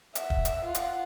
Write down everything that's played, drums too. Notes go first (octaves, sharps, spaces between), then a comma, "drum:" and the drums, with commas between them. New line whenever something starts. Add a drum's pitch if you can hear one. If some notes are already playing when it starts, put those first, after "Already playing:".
E5 F#5, drum: hi-hat
drum: kick
drum: hi-hat
F4 F#5
drum: hi-hat